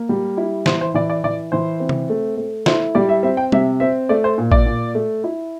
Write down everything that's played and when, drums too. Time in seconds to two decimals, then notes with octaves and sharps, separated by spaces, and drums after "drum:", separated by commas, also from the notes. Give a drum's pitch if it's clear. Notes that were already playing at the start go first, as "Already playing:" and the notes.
Already playing: A#3
0.09 G3
0.37 E4
0.66 E3 C5, drum: snare
0.81 C5
0.94 E3 D5
1.10 D5
1.24 E3 D5
1.52 E3 C5
1.80 C4
1.89 drum: tom C3
2.10 A3
2.37 A3
2.66 E4 C5, drum: snare
2.95 G3 D5
3.09 E5
3.23 C4 E5
3.37 G5
3.52 C3 E5, drum: tom G3
3.80 C4 E5
4.09 A3 D5
4.24 C5
4.38 A#2
4.52 D5, drum: kick A1
4.66 A#2
4.95 A3
5.24 E4